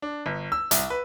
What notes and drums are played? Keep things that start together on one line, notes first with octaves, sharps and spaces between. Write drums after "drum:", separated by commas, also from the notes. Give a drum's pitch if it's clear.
D4
G1
E6
C2, drum: hi-hat
B4